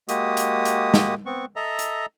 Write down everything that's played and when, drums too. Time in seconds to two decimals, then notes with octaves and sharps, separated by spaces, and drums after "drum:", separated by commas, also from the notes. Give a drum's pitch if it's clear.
0.09 G#3 A#3 F#4 G4 D#6, drum: hi-hat
0.37 drum: hi-hat
0.65 drum: hi-hat
0.94 drum: snare
1.26 B3 C4 C#6
1.56 A4 D#5 E5 A#5
1.79 drum: hi-hat